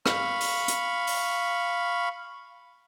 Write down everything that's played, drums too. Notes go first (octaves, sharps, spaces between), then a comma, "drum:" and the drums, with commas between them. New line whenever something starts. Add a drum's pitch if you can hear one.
F5 B5 C#6, drum: rim click
drum: open hi-hat
drum: hi-hat
drum: open hi-hat